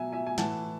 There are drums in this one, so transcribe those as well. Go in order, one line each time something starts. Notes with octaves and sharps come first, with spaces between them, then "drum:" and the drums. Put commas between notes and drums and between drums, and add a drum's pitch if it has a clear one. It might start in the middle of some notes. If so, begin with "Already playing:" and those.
Already playing: B2 F#3 E5 G#5
E5 G#5
G#5
A2 E3 F#5 A5, drum: snare